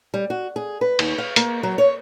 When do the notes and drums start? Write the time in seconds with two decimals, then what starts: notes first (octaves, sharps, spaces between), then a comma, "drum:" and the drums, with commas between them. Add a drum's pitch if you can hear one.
0.14 G3
0.30 F#4
0.56 G#4
0.81 B4
0.99 D#2, drum: cymbal
1.18 F5
1.36 A#3, drum: hi-hat
1.63 F#3
1.78 C#5